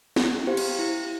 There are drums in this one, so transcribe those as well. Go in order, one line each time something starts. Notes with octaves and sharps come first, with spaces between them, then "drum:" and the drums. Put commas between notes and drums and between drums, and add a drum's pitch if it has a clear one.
E4, drum: snare
G4 C5 F5
drum: cymbal
E4